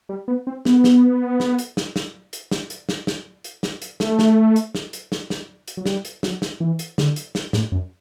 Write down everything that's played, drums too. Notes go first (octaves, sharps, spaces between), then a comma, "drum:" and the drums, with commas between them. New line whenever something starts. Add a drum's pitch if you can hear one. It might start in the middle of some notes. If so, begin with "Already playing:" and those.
G3
B3
C4
B3, drum: snare
drum: snare
drum: snare
drum: hi-hat
drum: snare
drum: snare
drum: hi-hat
drum: snare
drum: hi-hat
drum: snare
drum: snare
drum: hi-hat
drum: snare
drum: hi-hat
A3, drum: snare
drum: snare
drum: hi-hat
drum: snare
drum: hi-hat
drum: snare
drum: snare
drum: hi-hat
F#3
G3, drum: snare
drum: hi-hat
F#3, drum: snare
drum: snare
E3
drum: hi-hat
D3, drum: snare
drum: hi-hat
drum: snare
A2, drum: snare
F#2